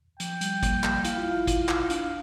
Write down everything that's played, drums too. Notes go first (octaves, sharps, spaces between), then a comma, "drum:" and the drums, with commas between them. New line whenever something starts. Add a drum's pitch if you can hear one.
F3 G5, drum: hi-hat
G3, drum: hi-hat
A#3, drum: kick, hi-hat
drum: clap
E4 F5, drum: hi-hat
F4
E4
drum: kick, hi-hat
drum: clap
D4, drum: hi-hat